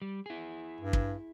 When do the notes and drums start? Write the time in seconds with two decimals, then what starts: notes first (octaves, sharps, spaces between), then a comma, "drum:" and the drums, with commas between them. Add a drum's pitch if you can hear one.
0.02 G3
0.26 E4 G#4
0.81 G2
0.93 drum: kick